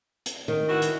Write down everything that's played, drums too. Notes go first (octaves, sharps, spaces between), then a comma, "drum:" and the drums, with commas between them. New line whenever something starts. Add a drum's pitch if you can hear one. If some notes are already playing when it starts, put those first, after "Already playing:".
drum: hi-hat
D#3
E3 F#4
drum: hi-hat